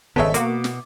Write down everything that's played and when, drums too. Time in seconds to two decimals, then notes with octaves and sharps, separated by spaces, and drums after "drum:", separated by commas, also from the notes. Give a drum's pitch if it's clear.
0.16 G#1 C#3 G#3 B3 A4 C#5 E5
0.34 B2 A#3 F#4 D6, drum: hi-hat
0.64 drum: snare